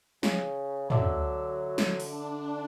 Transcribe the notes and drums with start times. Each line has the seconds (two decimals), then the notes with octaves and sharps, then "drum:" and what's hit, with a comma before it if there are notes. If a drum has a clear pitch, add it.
0.23 C#3, drum: snare
0.90 D3 F#3 D5 E5, drum: tom
1.78 drum: snare
2.00 D4, drum: open hi-hat